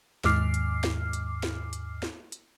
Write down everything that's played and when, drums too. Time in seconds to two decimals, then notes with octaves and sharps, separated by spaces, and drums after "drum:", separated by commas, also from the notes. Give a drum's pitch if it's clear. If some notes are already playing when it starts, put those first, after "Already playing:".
0.24 D#2 G#2 D6 F6 C7, drum: snare
0.54 drum: hi-hat
0.84 drum: snare
1.13 drum: hi-hat
1.43 drum: snare
1.73 drum: hi-hat
2.03 drum: snare
2.32 drum: hi-hat